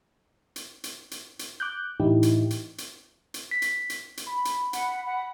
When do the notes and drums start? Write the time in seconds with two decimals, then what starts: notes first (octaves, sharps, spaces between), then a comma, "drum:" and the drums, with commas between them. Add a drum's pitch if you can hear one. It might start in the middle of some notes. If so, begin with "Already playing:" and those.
0.56 drum: hi-hat
0.84 drum: hi-hat
1.11 drum: hi-hat
1.39 drum: hi-hat
1.60 D6 F#6 G6
2.00 A2 E3 D#4 E4 G4
2.23 drum: hi-hat
2.50 drum: hi-hat
2.78 drum: hi-hat
3.34 drum: hi-hat
3.51 B6
3.62 drum: hi-hat
3.90 drum: hi-hat
4.17 drum: hi-hat
4.27 B5
4.45 drum: hi-hat
4.73 F#5, drum: hi-hat
5.06 F#5